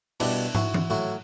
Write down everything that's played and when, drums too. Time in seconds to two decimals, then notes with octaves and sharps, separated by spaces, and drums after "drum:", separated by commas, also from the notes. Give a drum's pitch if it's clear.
0.20 B2 G3 D4 E4, drum: cymbal
0.55 E4 F#4, drum: tom
0.74 drum: tom E3
0.90 A2 F#3 E4 F#4